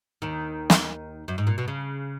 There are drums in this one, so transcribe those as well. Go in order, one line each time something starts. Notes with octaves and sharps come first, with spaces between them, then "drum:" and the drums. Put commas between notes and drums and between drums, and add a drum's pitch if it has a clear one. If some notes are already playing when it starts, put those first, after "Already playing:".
D#2 D#3
drum: snare
F#2
G#2
A#2
B2
C#3